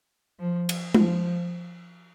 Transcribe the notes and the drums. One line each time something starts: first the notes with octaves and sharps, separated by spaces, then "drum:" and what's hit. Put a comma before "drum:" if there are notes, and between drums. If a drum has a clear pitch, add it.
F3
drum: cymbal
F3, drum: tom